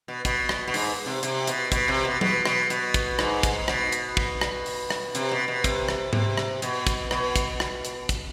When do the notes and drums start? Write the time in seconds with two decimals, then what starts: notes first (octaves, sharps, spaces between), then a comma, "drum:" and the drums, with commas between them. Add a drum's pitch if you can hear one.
0.08 B2
0.25 B2, drum: kick, hi-hat
0.49 drum: rim click
0.68 B2
0.74 G#2, drum: open hi-hat
1.06 C3
1.23 C3, drum: hi-hat
1.47 B2, drum: hi-hat
1.72 B2, drum: kick, hi-hat
1.88 C3
2.05 B2
2.21 B2, drum: tom F#3
2.45 B2, drum: rim click
2.70 B2, drum: hi-hat
2.94 drum: kick, hi-hat
3.19 G#2, drum: rim click
3.43 drum: kick, hi-hat
3.68 B2, drum: rim click
3.92 drum: hi-hat
4.17 drum: kick
4.41 drum: rim click
4.66 drum: open hi-hat
4.90 drum: rim click
5.15 C3, drum: hi-hat
5.32 B2
5.48 B2
5.64 C3, drum: kick, hi-hat
5.89 drum: rim click
6.13 C3, drum: tom G#2
6.38 drum: rim click
6.62 B2, drum: hi-hat
6.87 drum: kick, hi-hat
7.11 B2, drum: rim click
7.36 drum: kick, hi-hat
7.60 drum: rim click
7.85 drum: hi-hat
8.09 drum: kick, hi-hat